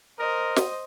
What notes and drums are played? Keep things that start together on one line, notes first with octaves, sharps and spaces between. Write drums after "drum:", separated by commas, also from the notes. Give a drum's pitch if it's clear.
A#4 C5 D#5
drum: snare